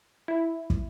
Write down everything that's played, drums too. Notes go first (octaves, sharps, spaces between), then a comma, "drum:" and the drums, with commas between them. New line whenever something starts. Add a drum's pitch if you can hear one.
E4
drum: kick